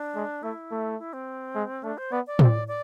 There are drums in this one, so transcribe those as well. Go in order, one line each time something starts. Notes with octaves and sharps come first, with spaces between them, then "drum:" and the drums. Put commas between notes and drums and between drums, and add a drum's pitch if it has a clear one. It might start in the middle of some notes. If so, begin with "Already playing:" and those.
Already playing: D4
G#3
A3 E4
A3
E4
C4
G#3
A3 D4
C5
B3 D5
D5
C4, drum: tom A2
D5